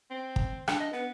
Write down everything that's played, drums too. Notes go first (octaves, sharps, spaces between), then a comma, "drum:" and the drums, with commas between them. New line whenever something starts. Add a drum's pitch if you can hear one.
C4
drum: kick
D4, drum: rim click
D#5
B3 B4